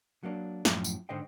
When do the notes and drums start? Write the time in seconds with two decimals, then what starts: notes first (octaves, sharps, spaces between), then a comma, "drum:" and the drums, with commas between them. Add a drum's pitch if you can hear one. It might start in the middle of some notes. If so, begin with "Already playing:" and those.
0.23 F#3 A#3 D4
0.65 F#2 A2 F3, drum: snare
0.84 drum: tambourine
1.09 G#2 D3 C5 D#5 G5